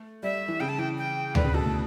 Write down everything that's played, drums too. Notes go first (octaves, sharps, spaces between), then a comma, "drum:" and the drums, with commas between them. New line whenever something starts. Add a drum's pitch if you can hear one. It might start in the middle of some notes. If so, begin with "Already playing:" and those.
Already playing: A3
G3 E5
E3
C#3 G5
A5
E3 G5
G5
D3 B4, drum: tom D2
C#3
B2 A4
A2